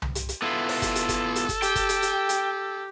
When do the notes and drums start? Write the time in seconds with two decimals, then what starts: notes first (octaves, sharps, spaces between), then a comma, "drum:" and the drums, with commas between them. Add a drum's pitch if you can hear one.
0.02 drum: tom C2
0.15 drum: hi-hat
0.29 drum: hi-hat
0.42 B3 E4 F4 A4
0.69 drum: open hi-hat
0.82 drum: kick, hi-hat
0.95 drum: hi-hat
1.09 drum: kick, hi-hat
1.35 drum: hi-hat
1.49 drum: kick, hi-hat
1.62 G4 G5, drum: hi-hat
1.76 drum: kick, hi-hat
1.89 drum: hi-hat
2.02 drum: hi-hat
2.29 drum: hi-hat